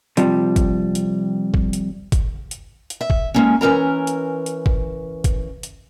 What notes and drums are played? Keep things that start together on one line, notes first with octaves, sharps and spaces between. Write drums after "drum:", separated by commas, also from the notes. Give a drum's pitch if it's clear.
C3 F3 G3, drum: hi-hat
drum: kick, hi-hat
drum: hi-hat
drum: kick
drum: hi-hat
drum: kick, hi-hat
drum: hi-hat
drum: hi-hat
E5
drum: kick
G#3 A#3 C#4
E3 C#4 A#4 A#5
drum: hi-hat
drum: hi-hat
drum: kick
drum: kick, hi-hat
drum: hi-hat